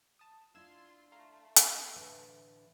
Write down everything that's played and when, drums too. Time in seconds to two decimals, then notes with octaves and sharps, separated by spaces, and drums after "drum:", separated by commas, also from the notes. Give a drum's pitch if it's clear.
0.19 A5 D#6
0.54 D4 E4 F4 F5 C6 E6 G#6
1.12 A3 F5 A#5 C6
1.56 drum: hi-hat
1.95 A2 D3 E3